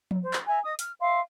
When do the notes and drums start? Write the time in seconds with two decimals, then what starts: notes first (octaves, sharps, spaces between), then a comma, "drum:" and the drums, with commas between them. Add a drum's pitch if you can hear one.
0.11 drum: tom F3
0.22 C5
0.33 drum: clap
0.47 E5 G#5 A#5
0.64 D#5 D#6
0.79 F6, drum: hi-hat
1.00 E5 F5 C6